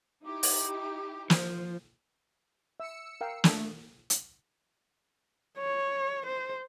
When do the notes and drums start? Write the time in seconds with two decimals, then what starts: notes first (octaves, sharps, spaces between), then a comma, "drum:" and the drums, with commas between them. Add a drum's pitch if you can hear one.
0.24 D#4 E4 G4 D6
0.43 drum: open hi-hat
1.30 F3 C5, drum: snare
2.80 E5 E6 C#7
3.21 A#4 F5 G5
3.44 A3 D4 A4, drum: snare
4.10 drum: hi-hat
5.58 C#5
6.26 C5